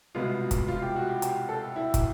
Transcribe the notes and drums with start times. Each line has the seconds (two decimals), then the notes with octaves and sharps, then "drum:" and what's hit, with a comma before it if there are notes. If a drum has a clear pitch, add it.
0.15 C2 B2 G#3 B3 F4
0.51 drum: kick, hi-hat
0.68 F4
0.82 G4
0.96 F#4
1.09 G4
1.22 G4, drum: hi-hat
1.49 A4
1.76 E4
1.94 drum: kick, hi-hat